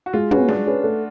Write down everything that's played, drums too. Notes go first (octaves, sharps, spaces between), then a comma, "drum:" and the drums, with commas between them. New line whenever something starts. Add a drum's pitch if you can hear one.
F#4
G#3 F4
C#4 F#4 G#4 B4, drum: tom
G#3 D4, drum: snare
C#4 G#4 B4
A3